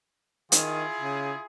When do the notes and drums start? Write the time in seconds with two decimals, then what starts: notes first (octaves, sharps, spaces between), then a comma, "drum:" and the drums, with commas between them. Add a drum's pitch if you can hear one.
0.52 D#3 E4 F4 G#4, drum: hi-hat
1.00 C#3